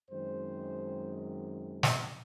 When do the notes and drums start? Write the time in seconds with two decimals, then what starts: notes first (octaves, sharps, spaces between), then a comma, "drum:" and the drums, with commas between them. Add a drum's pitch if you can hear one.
0.11 F#2 D#3 G#3 C4 C5
1.83 drum: snare